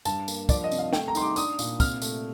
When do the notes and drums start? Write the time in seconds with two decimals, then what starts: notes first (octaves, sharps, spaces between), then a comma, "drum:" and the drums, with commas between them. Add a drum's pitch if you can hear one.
0.05 G2 A5, drum: tambourine
0.28 A#3, drum: tambourine
0.49 F3 D5, drum: kick, tambourine
0.64 D#5
0.72 C3, drum: tambourine
0.79 F5
0.93 A3 G5, drum: snare
1.08 A#5
1.15 D#4 C6, drum: tambourine
1.22 D6
1.36 D4 D#6, drum: tambourine
1.59 A#2, drum: tambourine
1.80 C3 F6, drum: kick, tambourine
2.02 A3, drum: tambourine